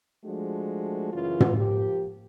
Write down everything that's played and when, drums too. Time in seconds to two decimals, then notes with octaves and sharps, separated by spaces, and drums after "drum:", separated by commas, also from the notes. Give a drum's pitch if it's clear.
0.25 F3 G#3 A3 D4 F#4
1.13 F#2 C#3 E3 F4
1.40 drum: tom
1.57 F3 A#3 G4